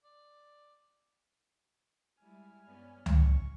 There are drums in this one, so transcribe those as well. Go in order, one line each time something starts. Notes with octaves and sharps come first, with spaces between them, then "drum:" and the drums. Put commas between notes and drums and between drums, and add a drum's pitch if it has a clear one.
D5
G3 G#3 E4 G#5 F6
G2 B3 C#4 D5
D#3 C#6, drum: tom C#2